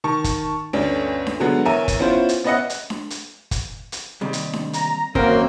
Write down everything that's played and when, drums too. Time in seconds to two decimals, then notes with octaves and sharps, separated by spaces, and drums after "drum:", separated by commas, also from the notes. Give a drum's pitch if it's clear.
0.04 D#3 A5 C#6
0.24 drum: kick G1, hi-hat
0.73 G1 D2 C#4 D4
1.27 drum: snare D4
1.40 D3 F#3 G#3 B3
1.65 E2 A#4 C#5 E5 G#5 D#7
1.88 drum: kick G1, hi-hat
1.99 B3 C#4 E4 F4 C5
2.29 drum: hi-hat
2.44 B3 C#4 B4 D#5 E5 F#5
2.70 drum: hi-hat
2.90 drum: snare D4
3.10 drum: hi-hat
3.51 drum: kick G1, hi-hat
3.92 drum: hi-hat
4.21 D#2 C3 G3
4.33 drum: hi-hat
4.53 drum: snare D4
4.73 A#5, drum: hi-hat
5.15 F#2 D#3 A#3 C4 C#4 F#4 A#4 F5, drum: kick G1